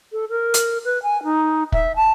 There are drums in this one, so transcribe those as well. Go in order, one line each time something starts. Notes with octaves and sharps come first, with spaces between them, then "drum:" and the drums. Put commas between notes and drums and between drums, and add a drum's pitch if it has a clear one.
A4
A#4
drum: hi-hat
B4
G#5
D#4
E5, drum: kick
A5